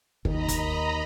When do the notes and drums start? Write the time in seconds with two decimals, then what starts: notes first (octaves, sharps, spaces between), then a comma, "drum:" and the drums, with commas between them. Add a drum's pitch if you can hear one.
0.25 D#2 D#3 D#5 A#5 B5, drum: kick
0.48 drum: kick, hi-hat